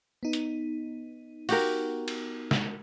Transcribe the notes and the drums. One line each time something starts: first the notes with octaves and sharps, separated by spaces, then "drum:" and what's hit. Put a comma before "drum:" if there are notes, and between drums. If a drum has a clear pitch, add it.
B3 D#4
drum: hi-hat
F#4 G4 A#4, drum: open hi-hat
drum: cymbal
drum: snare